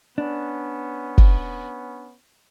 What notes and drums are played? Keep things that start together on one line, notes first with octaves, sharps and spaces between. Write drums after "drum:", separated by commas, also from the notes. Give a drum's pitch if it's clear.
B3 C#4 D4
drum: kick